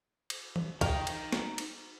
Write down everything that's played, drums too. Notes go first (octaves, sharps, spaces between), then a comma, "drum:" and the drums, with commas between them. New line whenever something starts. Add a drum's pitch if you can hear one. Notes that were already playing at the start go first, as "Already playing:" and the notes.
drum: cymbal
drum: tom E3
D#4 F5 G5, drum: kick, cymbal
drum: cymbal
drum: snare
drum: cymbal